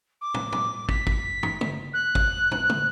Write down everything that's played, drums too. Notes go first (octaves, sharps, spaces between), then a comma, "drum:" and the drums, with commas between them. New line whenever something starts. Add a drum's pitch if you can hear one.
D6
drum: tom
drum: tom
B6, drum: kick
drum: kick
drum: tom
drum: tom
F#6
drum: kick
drum: tom
drum: tom